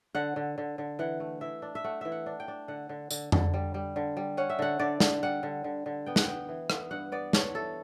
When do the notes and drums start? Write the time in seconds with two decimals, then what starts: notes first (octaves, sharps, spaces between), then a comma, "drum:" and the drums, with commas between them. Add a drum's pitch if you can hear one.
0.15 D3 F#5
0.36 D3
0.58 D3
0.78 D3
0.99 E3 F#5
1.20 A3
1.41 E3 E5
1.62 D4
1.75 E5
1.84 A3 F#5
2.01 E3 E5
2.12 F#5
2.26 D4
2.40 G5
2.48 D4
2.68 D3 F#5
2.89 D3
3.11 D3, drum: tambourine
3.32 D3, drum: tom F2
3.54 G3
3.74 G3
3.96 D3
4.17 G3
4.37 C#4 F#5
4.50 E5
4.59 D3 F#5
4.79 D3 D5
5.00 D3, drum: snare
5.23 G3 F#5
5.43 D3
5.64 D3
5.86 D3
6.06 B3 G5
6.16 F#5, drum: snare
6.24 B3 G5
6.49 E3
6.70 B3, drum: rim click
6.91 G2 F#5
7.12 B3 D5
7.33 D4 C#5, drum: snare
7.55 E3 A4